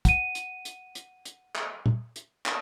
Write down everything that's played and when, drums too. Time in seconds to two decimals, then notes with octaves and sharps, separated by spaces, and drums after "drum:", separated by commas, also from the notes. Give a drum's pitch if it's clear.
0.05 F#5 D#7, drum: kick, hi-hat
0.35 drum: hi-hat
0.65 drum: hi-hat
0.95 drum: hi-hat
1.25 drum: hi-hat
1.56 drum: clap
1.86 drum: tom
2.16 drum: hi-hat
2.46 drum: clap